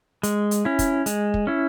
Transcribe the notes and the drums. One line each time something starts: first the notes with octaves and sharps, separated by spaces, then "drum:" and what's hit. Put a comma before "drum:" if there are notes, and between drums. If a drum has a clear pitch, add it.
G#3, drum: hi-hat
drum: hi-hat
C#4 E4
drum: kick, hi-hat
G#3, drum: hi-hat
drum: kick
C#4 E4